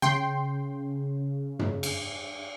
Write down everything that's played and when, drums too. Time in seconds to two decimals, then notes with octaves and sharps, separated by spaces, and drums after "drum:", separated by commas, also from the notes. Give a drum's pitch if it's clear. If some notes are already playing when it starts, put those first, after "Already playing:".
0.02 C#3 G5 C6
1.59 drum: tom
1.83 drum: cymbal